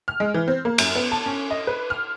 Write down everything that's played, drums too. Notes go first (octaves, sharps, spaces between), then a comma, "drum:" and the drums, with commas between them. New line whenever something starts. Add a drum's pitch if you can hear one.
F6
G#3
E3
C4
A#3
F#2, drum: cymbal
B3
A5
C#4
D#5
B4
F6